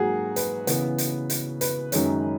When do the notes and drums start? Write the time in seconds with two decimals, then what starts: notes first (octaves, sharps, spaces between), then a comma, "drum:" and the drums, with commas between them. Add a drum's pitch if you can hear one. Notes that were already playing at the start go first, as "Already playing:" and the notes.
Already playing: G#2 F#3 A#3 F#4 G#4
0.36 B4, drum: hi-hat
0.67 C#3 E3 B3, drum: hi-hat
0.98 drum: hi-hat
1.30 drum: hi-hat
1.61 B4, drum: hi-hat
1.92 F#2 D#3 G#3 C#4, drum: hi-hat